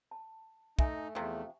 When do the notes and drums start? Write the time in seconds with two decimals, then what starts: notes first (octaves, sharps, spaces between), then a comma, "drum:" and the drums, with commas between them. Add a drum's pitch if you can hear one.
0.11 A5
0.79 A3 D#4 E5 G#5, drum: kick
1.15 E2 C3 F3 A3 G4